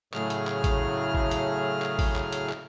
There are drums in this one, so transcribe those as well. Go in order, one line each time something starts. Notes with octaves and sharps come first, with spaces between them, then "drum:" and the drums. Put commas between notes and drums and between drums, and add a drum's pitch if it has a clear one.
A2 C#3 F#3 A3 G#4 F6, drum: clap
drum: hi-hat
drum: clap
drum: kick G#1, hi-hat
drum: kick G#1
drum: hi-hat
drum: clap
drum: kick G#1, open hi-hat
drum: clap
drum: hi-hat
drum: clap